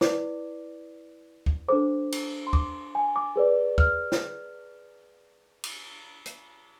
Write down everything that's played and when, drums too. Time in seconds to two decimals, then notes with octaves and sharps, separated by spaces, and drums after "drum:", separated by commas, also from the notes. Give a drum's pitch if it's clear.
0.01 E4 B4 D5 D6, drum: snare
1.46 drum: kick
1.68 D4 A4 C5 D6
2.12 drum: cymbal
2.47 C6
2.53 D6, drum: kick
2.95 G#5
3.16 D6
3.36 G#4 B4 D5
3.78 F6, drum: kick
4.12 drum: snare
5.64 drum: cymbal
6.26 drum: hi-hat